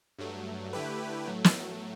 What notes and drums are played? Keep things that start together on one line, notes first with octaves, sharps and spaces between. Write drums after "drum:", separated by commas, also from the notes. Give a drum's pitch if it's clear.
G2 F#3 A3
D3 A3 E4 G4 B4
A2 F#3 A3
drum: snare